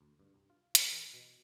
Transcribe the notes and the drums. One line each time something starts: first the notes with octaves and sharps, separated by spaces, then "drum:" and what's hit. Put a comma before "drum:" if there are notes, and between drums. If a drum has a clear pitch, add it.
D2
G2
C2
F4
A2, drum: hi-hat
E3
B2